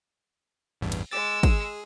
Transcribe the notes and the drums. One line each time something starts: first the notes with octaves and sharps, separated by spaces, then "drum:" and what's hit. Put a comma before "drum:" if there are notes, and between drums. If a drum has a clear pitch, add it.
A1 E2 G2
drum: cymbal
G#3 D6 E6 A6
G#4, drum: kick, cymbal